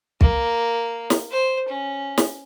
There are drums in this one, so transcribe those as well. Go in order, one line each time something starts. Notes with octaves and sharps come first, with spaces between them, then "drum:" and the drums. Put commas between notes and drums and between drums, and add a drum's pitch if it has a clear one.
A#3, drum: kick
drum: snare
C5
C#4
drum: snare